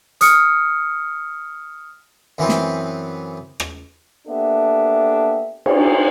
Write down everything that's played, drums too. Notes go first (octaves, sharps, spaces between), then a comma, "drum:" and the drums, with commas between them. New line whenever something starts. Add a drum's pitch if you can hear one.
D#6 F6 C#7, drum: hi-hat
F#2 E3 B3 C4
drum: snare
drum: rim click
A#3 B3 D4 G4 A4 E5
drum: cymbal